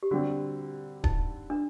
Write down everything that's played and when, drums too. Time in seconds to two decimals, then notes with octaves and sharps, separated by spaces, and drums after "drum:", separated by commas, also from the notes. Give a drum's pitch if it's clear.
0.03 G4
0.11 D3 G3 C4 F#4
1.04 D#4, drum: kick D1
1.50 D4